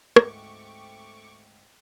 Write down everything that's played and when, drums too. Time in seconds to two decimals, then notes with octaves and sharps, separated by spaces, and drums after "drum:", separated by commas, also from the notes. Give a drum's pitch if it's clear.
0.16 D2 G#2 A3 C4 G4 C#6 D6, drum: rim click